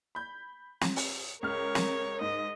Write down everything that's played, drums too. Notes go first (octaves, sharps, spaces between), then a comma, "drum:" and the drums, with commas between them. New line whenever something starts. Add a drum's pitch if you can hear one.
B5 G6
drum: snare
drum: open hi-hat
C#2 A#4 C#5 F6
drum: snare
G#2 D#5